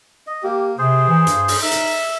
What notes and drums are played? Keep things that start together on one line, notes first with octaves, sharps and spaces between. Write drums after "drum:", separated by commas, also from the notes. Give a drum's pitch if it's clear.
D#5
A#3 G4
C3 G#4 C5
E3
G2, drum: hi-hat
drum: open hi-hat
D#4 E5
drum: hi-hat